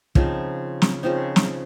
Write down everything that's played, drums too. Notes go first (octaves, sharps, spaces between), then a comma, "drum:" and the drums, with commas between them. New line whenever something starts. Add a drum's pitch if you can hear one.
C#3 F3 C4 D#4, drum: kick
drum: snare
C#3 F3 C4 D#4
drum: snare